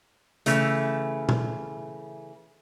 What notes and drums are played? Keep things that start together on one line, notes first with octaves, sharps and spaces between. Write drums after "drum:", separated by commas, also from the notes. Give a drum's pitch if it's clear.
C#3 E3 A3, drum: hi-hat
drum: tom A#2